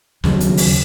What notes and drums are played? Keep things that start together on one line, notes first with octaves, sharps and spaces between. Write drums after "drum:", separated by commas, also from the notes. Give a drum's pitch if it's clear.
D#2 C#3 F#3, drum: snare
drum: hi-hat
drum: open hi-hat